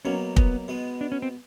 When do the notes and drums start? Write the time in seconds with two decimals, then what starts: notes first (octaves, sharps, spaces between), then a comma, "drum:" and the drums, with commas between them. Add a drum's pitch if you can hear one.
0.05 B2 F#3 A#3 C#4
0.36 B3, drum: kick
0.68 B2 G#3 B3
1.01 D4
1.12 C#4
1.22 C4